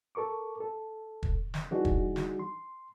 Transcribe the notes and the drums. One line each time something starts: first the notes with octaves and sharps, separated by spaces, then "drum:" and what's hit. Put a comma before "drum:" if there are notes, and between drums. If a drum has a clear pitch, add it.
A4 A#4 C#6 D6
A4
drum: kick
drum: snare
E3 G3 D4 D#4 F#4 G#4
drum: kick
drum: snare
C6